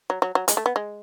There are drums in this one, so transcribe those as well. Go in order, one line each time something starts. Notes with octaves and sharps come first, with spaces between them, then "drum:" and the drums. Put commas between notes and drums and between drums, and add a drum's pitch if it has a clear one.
F#3
F#3
F#3
G#3, drum: hi-hat
A3
B3
G#3